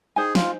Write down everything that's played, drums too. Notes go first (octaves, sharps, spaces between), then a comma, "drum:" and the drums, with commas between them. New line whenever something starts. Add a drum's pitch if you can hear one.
D#4 G#4 C5 G#5
F4, drum: snare